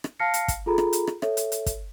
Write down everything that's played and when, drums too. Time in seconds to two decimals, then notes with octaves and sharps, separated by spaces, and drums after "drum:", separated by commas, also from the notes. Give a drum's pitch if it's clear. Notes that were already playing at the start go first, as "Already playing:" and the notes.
0.04 drum: rim click
0.20 F5 A5 F6 A#6 C7 C#7
0.34 drum: hi-hat
0.48 drum: kick, hi-hat
0.66 F4 G#4 A4 A#5 B5
0.78 drum: rim click
0.93 drum: hi-hat
1.07 drum: rim click
1.22 A4 C#5 E5, drum: rim click
1.37 drum: hi-hat
1.52 drum: hi-hat
1.66 drum: kick, hi-hat